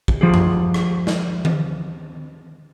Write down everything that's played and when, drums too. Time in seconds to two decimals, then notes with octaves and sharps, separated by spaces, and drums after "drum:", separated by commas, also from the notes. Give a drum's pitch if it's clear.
0.08 drum: kick
0.21 F3 G4 G#4
0.34 drum: tom F#2
0.74 drum: rim click
1.07 drum: snare
1.45 drum: tom D#3